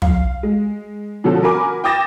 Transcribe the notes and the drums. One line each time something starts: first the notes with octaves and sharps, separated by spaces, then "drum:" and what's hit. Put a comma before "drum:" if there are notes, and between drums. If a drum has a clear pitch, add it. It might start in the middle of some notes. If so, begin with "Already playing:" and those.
F5, drum: tom
G#3
B2 D3 F3 G3 C#4 A4
F#4 A#4 G#5 B5 D6
G5 D6 D#6 A6 A#6 E7